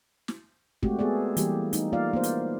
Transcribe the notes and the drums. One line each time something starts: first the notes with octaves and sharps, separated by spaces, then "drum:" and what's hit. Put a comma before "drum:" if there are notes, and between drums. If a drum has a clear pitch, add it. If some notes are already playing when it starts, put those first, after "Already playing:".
drum: snare
G#3 A3 C4 F#4 G4, drum: kick
B3 G#4 A4 D5
E3 G3 A#3 G4, drum: hi-hat
A3 D#4, drum: hi-hat
A#3 F4 D5 F5
A#3 B3 C5
drum: hi-hat